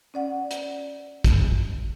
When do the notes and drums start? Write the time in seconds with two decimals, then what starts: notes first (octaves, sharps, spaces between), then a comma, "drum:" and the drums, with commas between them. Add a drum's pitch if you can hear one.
0.14 C#4 D5 F#5
0.51 drum: hi-hat
1.24 drum: kick, hi-hat